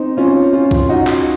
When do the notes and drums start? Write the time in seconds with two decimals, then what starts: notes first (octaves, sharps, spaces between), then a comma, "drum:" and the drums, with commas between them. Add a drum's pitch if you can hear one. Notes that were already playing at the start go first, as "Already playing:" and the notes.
Already playing: C4 D#4
0.17 C#4 F4
0.53 C#4 F4
0.71 drum: kick
0.89 D#4 F#4
1.07 drum: clap